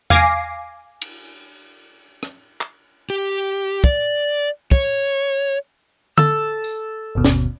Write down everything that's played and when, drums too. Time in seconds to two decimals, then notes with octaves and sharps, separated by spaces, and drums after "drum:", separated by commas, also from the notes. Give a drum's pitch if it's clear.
0.10 F5 G#5 D6 A#6 C7, drum: tom E2
1.02 drum: cymbal
2.23 drum: rim click
2.61 drum: clap
3.10 G4
3.84 D5, drum: kick
4.72 C#5, drum: kick
6.18 A4 E6, drum: tom D3
6.64 drum: tambourine
7.15 G1 D#2 B2
7.24 drum: snare